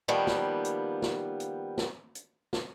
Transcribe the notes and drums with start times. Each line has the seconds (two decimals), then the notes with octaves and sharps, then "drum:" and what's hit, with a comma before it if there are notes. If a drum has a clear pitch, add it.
0.08 D#3 F3 G3 A#3 B3
0.27 drum: snare
0.65 drum: hi-hat
1.02 drum: snare
1.40 drum: hi-hat
1.78 drum: snare
2.15 drum: hi-hat
2.53 drum: snare